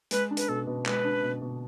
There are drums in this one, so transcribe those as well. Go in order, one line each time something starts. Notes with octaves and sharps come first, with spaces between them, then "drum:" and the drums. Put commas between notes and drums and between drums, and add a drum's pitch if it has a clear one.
G#3 B4, drum: hi-hat
D4
B4, drum: hi-hat
B2 A4
B2
G#3 B4, drum: clap
D4
B2
B2